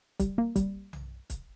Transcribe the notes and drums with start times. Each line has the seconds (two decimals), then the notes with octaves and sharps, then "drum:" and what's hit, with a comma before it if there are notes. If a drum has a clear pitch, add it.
0.20 G3, drum: kick, hi-hat
0.38 A#3
0.56 G3, drum: kick, hi-hat
0.93 drum: tom B1
1.30 drum: kick, hi-hat